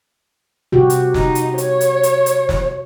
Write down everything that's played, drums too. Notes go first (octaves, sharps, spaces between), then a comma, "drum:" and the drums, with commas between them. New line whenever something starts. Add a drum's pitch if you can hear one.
C3 F#4 G4
drum: hi-hat
D#4, drum: snare
drum: hi-hat
C#5, drum: hi-hat
drum: hi-hat
drum: hi-hat
drum: hi-hat
drum: snare